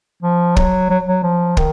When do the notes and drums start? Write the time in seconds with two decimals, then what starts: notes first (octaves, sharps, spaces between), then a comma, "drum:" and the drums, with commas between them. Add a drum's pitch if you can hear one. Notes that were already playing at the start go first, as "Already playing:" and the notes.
0.23 F3
0.56 F#3, drum: kick
0.90 F#3
1.06 F#3
1.23 F3
1.57 D#3, drum: kick